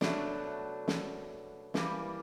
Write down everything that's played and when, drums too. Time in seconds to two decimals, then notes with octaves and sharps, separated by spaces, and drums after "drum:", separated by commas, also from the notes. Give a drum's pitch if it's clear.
0.01 B2 F#3 A3 D4, drum: snare
0.88 drum: snare
1.74 G2 E3 G3 A#3, drum: snare